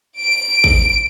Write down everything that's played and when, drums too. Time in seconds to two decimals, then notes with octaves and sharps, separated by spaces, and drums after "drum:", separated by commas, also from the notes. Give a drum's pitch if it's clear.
0.20 D7
0.64 drum: kick